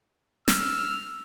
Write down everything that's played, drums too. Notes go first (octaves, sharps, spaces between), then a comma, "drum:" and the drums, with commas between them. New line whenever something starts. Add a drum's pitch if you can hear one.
E6 F6, drum: snare